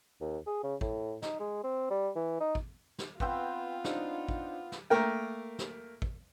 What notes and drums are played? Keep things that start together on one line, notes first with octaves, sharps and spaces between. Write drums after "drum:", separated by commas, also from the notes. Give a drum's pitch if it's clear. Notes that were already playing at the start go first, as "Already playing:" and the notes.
D#2
G#4
C#3
A2, drum: kick
D#4, drum: snare
G#3
C4
G3
E3
D#4
drum: kick
drum: snare
B3 C4 F4 B4 F5 G5 E6, drum: kick
D4 D#4 C5, drum: snare
drum: kick
drum: snare
A3 A#3 A#4 G5
drum: snare
drum: kick